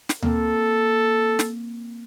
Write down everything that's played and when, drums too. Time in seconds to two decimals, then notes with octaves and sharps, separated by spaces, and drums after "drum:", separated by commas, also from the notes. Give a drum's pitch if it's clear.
0.09 drum: snare
0.22 A#3 C4 A4, drum: tom D2
1.39 drum: snare